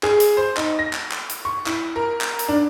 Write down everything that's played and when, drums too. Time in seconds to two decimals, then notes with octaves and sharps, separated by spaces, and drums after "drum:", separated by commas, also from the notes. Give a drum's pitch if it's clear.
0.03 G#4, drum: clap
0.20 drum: hi-hat
0.37 C5
0.57 D#4, drum: clap
0.79 A#6
0.93 drum: clap
1.11 drum: clap
1.30 drum: hi-hat
1.45 C#6
1.66 E4, drum: clap
1.96 A#4
2.21 drum: clap
2.39 drum: hi-hat
2.48 D4